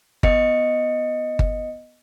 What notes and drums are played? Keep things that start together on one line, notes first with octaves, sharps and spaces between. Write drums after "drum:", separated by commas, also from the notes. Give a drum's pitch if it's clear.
B3 D#5 C#7, drum: kick G1
drum: kick G1